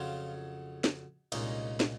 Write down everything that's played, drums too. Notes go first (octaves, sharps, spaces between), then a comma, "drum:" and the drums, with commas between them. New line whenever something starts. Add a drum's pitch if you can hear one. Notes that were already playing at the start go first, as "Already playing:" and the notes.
Already playing: F2 C#3 F#3 F4
drum: snare
C2 A#2 G#3 C#4 D#4, drum: cymbal
drum: snare